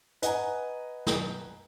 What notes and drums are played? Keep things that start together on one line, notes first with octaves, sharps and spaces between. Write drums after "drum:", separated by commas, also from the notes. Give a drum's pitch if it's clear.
B4 D#5 F#5 G#5 A#5, drum: hi-hat
drum: snare